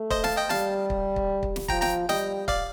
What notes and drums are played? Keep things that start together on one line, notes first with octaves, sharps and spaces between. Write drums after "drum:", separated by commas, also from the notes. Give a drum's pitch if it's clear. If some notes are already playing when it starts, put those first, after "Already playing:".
Already playing: A3
C5 D#5, drum: kick
F5 A5, drum: snare
D#5 G5
G3 F5 A5, drum: snare
drum: kick
drum: kick
drum: kick
drum: snare
F3 G5 A#5, drum: kick
G5 A#5, drum: snare
G3 D#5 G5, drum: snare
D5 F5, drum: kick